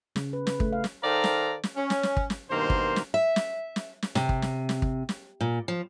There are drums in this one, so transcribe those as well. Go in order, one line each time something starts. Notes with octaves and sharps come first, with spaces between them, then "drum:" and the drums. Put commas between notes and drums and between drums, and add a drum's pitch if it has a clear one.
C#3, drum: snare
B4
B4, drum: snare
A3, drum: kick
F5
drum: snare
D#3 A4 C5 D5 F5 A#5
drum: snare
drum: snare
C#4
drum: snare
drum: snare
drum: kick
drum: snare
G2 B2 D#3 A#3 C5
drum: kick
drum: snare
E5
drum: snare
drum: snare
drum: snare
C3, drum: snare
drum: kick
drum: snare
drum: snare
drum: kick
drum: snare
A#2
F3